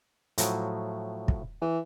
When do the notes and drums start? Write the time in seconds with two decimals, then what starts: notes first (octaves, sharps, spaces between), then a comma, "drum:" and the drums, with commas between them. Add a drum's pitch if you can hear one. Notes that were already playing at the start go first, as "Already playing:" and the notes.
0.38 A2 F3 F#3, drum: hi-hat
1.28 drum: kick
1.61 E3